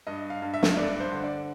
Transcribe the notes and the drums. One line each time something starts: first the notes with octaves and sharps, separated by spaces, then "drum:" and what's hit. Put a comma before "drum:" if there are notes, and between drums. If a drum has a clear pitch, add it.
G2 D#5
F5
G2
E5
drum: snare
G2 D5
C5
D3
D5